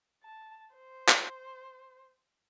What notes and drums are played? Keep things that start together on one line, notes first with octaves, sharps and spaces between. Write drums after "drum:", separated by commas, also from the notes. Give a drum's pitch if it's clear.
A5
C5
drum: clap